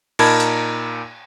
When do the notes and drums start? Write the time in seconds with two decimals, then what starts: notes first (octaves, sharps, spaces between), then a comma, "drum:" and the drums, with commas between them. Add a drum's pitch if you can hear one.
0.19 A#2 D#4 A#4 A5 B5 G#6, drum: cymbal
0.40 drum: hi-hat